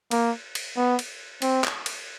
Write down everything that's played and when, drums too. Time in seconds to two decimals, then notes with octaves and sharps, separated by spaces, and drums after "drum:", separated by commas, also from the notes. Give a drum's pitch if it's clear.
0.11 A#3, drum: cymbal
0.55 drum: cymbal
0.76 B3
0.99 drum: cymbal
1.42 C4, drum: cymbal
1.64 drum: clap
1.86 drum: cymbal